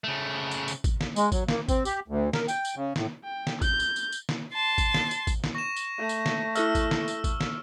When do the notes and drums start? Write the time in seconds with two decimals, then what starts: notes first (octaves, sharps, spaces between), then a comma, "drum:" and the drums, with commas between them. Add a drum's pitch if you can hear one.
0.04 C#3 A3
0.51 drum: tambourine
0.68 drum: tambourine
0.84 drum: kick, tambourine
1.01 drum: snare
1.16 G#3, drum: tambourine
1.32 F#3, drum: kick, tambourine
1.48 A#3, drum: snare
1.68 C4, drum: kick, tambourine
1.85 G4, drum: tambourine
2.08 D2
2.33 A#4, drum: snare
2.48 G5, drum: tambourine
2.65 drum: tambourine
2.76 C#3
2.96 A2, drum: snare
3.25 G5
3.47 drum: snare
3.62 G6, drum: kick, tambourine
3.80 drum: tambourine
3.96 drum: tambourine
4.12 drum: tambourine
4.29 drum: snare
4.53 A5 C6
4.78 drum: kick, tambourine
4.94 drum: snare
5.11 drum: tambourine
5.27 drum: kick, tambourine
5.44 drum: snare
5.55 C#6 A#6 E7
5.76 drum: tambourine
5.98 A3
6.09 drum: tambourine
6.26 drum: snare
6.55 E4 A4 E5 E6 F6, drum: tambourine
6.75 drum: kick, tambourine
6.91 drum: snare
7.08 drum: tambourine
7.24 drum: kick, tambourine
7.41 drum: snare